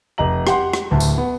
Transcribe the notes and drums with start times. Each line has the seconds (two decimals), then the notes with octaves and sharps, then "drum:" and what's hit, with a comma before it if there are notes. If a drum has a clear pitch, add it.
0.18 F1 D#5 A#5 F#7
0.47 G4 F#5 C6, drum: rim click
0.73 drum: rim click
0.91 D1 D2 A5
1.00 drum: tambourine
1.18 B3